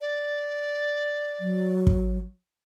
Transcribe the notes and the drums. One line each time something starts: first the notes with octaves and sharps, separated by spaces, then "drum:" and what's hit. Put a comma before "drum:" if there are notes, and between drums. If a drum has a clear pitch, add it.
D5
F#3
drum: kick